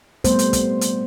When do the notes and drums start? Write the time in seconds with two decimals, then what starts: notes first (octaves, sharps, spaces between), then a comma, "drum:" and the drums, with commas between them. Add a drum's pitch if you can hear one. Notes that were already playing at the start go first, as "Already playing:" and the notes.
0.24 G3 A3 B3 C5, drum: kick, hi-hat
0.39 drum: hi-hat
0.53 drum: kick, hi-hat
0.81 drum: hi-hat